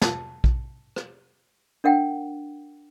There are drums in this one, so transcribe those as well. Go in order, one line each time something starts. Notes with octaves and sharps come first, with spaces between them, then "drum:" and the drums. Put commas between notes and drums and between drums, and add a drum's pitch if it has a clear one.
A5, drum: snare
drum: kick A#1
drum: rim click
D4 A#4 F#5 G5